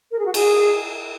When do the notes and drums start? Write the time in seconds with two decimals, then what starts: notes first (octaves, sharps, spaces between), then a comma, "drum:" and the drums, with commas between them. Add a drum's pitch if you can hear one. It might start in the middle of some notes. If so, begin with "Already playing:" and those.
0.11 A#4
0.19 G#4
0.26 F#4
0.34 G#4, drum: cymbal